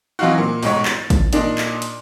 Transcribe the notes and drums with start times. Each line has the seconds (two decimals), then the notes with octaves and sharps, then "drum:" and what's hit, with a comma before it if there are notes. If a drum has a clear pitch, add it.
0.19 E3 F#3 C4 D#4 F4 F#4
0.38 A#2
0.63 B1 G#2 C#5, drum: open hi-hat
0.85 A6, drum: clap
1.10 drum: kick, hi-hat
1.33 A#2 D4 D#4, drum: hi-hat
1.58 drum: clap
1.82 drum: hi-hat